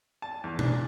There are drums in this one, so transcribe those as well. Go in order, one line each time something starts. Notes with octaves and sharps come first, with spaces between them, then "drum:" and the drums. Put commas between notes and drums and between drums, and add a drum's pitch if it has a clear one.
A5
E2
D4, drum: tom B2